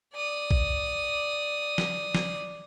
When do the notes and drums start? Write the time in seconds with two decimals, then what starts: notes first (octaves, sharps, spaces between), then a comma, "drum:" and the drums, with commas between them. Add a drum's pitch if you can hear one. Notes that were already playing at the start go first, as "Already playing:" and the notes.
0.14 D5 D#6
0.51 drum: kick A#1
1.78 drum: snare
2.15 drum: snare